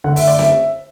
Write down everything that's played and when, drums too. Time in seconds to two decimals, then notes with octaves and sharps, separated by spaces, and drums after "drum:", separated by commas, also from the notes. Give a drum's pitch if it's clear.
0.04 D3 A3 F#5
0.16 E5, drum: open hi-hat
0.28 D5
0.39 E5, drum: snare C4